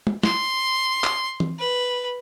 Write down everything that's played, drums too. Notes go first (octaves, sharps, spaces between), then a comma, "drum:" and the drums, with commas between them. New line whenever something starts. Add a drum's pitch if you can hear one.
drum: tom
C6, drum: snare
drum: clap
drum: tom
B4